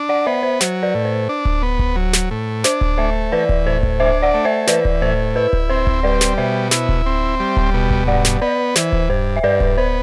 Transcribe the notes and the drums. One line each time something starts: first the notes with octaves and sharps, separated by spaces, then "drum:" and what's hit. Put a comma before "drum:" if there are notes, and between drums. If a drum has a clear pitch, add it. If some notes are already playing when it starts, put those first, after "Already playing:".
Already playing: D4
D5 F#5
B3 C5 E5
C5
F#3 C5, drum: snare
B4 D5
A2
C5
D4
drum: kick D1
B3
drum: kick D1
F#3
drum: snare
A2
D4 C5, drum: snare
drum: kick D1
A3 C5 E5
E3 B4 D5
drum: kick D1
A2 C5
drum: kick D1
D4 C5 E5
D5 F#5
A3
C5 E5
E3 B4 D5, drum: snare
drum: kick D1
A2 C5
E4 B4
drum: kick D1
C4 C5
drum: kick D1
G3 B4 D5
drum: snare
B2 C5 E5
E4, drum: snare
drum: kick D1
C4
G3
drum: kick D1
B2
drum: kick D1
G2 D5 F#5
drum: snare
B3 B4 D5
E3 C5, drum: snare
drum: kick D1
G2 C5
E5
G2 B4 D5
drum: kick D1
B3 C5